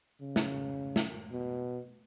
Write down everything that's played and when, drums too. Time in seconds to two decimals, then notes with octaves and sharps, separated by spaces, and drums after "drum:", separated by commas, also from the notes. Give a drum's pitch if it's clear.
0.21 C#3
0.36 drum: snare
0.96 drum: snare
1.32 B2